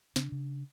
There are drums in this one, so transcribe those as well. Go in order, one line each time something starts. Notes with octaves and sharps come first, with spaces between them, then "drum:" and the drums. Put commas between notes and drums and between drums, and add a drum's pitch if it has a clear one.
C#3 D4, drum: snare
C#3